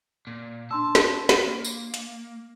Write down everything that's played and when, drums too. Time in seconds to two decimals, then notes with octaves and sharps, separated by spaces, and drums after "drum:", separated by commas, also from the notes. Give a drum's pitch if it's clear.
0.27 A#2
0.71 D4 A5 C6 E6
0.95 drum: snare
1.29 drum: snare
1.46 A#3
1.64 drum: tambourine
1.94 drum: hi-hat